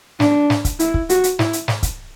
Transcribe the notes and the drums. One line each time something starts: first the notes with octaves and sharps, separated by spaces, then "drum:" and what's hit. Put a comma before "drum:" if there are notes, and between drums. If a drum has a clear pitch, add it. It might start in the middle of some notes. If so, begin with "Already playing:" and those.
D4, drum: snare
drum: snare
drum: kick, hi-hat
E4, drum: hi-hat
drum: kick
F#4, drum: hi-hat
drum: hi-hat
E4, drum: snare
drum: hi-hat
drum: snare
drum: kick, hi-hat